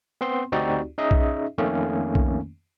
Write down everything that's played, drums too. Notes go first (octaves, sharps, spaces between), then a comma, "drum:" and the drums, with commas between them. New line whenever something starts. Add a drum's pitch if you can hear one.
B3 C4 C6
D2 C4 D#4 F#4 G4 D5
C#4 D#4 G#4 D#5 E5
drum: kick B1
F2 D#3 A3 A#3 C#4
drum: kick B1